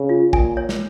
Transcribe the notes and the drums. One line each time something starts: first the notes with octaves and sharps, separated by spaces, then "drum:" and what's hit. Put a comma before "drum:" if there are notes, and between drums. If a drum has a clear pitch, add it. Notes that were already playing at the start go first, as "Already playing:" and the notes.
Already playing: C#3
F4
A#2 G#5, drum: kick
C#5
drum: snare